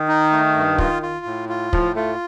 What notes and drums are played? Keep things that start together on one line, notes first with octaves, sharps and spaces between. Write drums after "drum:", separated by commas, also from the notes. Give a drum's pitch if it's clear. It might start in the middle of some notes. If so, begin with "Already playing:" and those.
Already playing: D#3
D#4
A3
G2
F4, drum: kick
F4
A2
F4
A2 F3, drum: kick
A3 F4